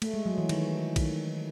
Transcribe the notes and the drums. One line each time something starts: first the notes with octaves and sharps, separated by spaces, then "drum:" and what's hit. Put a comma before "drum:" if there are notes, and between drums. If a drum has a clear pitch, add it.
A3, drum: cymbal
G#3
F#3
E3
D#3, drum: cymbal
D#3, drum: kick A#1, cymbal